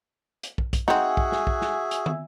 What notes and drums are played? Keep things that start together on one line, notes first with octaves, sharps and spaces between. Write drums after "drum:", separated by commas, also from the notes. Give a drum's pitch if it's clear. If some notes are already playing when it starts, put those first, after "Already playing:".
drum: hi-hat
drum: kick
drum: kick, hi-hat
C4 D#4 F#4 G#4 E5 F#5 G#5, drum: snare
drum: kick
drum: snare
drum: kick
drum: snare
drum: hi-hat
drum: tom